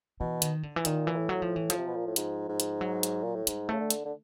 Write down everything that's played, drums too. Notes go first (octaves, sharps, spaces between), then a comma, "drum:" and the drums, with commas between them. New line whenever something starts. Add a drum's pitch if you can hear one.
B2 E3
D#3, drum: hi-hat
D3
E3
A#2 D#3, drum: hi-hat
E3
A#2
A2
F#3
F3
E3
F3, drum: hi-hat
C3
B2
A#2
A2
G#2, drum: hi-hat
G#2
drum: hi-hat
F#3
drum: hi-hat
A#2
A2
G#2 G3, drum: hi-hat
C#3 A3
D3
drum: hi-hat
D3